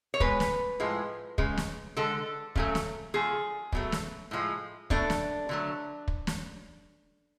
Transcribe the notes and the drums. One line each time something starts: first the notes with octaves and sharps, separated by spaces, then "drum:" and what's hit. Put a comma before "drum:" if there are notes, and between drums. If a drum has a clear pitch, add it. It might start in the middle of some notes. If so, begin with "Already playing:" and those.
C#5
B2 G#3 B4, drum: kick
drum: snare
A2 F3 G#3
C#3 G#3, drum: kick
drum: snare
D3 G#3 A4
C#3 F#3 A3, drum: kick
drum: snare
D3 F3 A3 G#4
B2 F#3 A3, drum: kick
drum: snare
A2 F3 G#3
B2 A3 D4, drum: kick
drum: snare
D3 F#3 A3
drum: kick
drum: snare